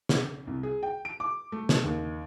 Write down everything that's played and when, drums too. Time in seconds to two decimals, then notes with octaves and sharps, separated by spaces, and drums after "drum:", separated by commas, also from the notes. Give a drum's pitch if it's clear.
0.09 drum: snare
0.47 C2
0.63 G#4
0.83 G5
1.05 D7
1.20 D6
1.52 A3
1.69 drum: snare
1.84 D#2